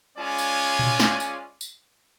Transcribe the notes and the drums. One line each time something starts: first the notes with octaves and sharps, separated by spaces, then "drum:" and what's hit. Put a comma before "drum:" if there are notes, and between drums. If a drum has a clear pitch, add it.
G#3 C#4 F4 D5 G#5
drum: tambourine
drum: tom A#2
drum: snare
drum: tambourine
drum: tambourine